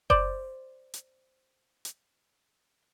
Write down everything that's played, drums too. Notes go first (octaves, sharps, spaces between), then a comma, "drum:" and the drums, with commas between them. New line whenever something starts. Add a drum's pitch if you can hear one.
C5 D5, drum: kick F#1
drum: hi-hat
drum: hi-hat